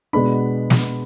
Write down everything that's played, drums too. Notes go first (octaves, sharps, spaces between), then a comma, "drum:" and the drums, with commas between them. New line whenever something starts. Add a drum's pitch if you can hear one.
B2 G#3 B3 D4 B5
drum: snare